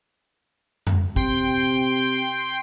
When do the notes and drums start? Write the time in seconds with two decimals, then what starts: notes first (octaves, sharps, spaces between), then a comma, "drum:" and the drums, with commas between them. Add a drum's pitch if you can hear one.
0.87 drum: tom F2
1.16 C3 G5 C6 G6, drum: kick